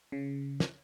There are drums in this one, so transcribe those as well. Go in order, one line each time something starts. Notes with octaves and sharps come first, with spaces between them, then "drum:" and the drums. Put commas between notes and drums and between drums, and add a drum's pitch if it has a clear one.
C#3
drum: snare